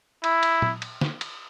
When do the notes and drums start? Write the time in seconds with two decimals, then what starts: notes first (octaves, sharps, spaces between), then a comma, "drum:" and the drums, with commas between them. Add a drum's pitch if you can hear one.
0.24 E4, drum: cymbal
0.43 drum: cymbal
0.62 drum: tom A#2
0.82 drum: cymbal
1.01 drum: snare
1.21 drum: cymbal